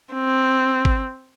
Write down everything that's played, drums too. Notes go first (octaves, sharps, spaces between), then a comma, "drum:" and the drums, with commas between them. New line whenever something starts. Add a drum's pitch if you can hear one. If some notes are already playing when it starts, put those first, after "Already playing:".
C4
drum: kick